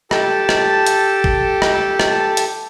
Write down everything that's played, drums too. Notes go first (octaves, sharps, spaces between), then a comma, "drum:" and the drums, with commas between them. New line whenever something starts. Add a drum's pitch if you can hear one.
G4 A4 A5, drum: rim click
drum: rim click
drum: hi-hat
drum: kick
drum: rim click
drum: rim click
drum: hi-hat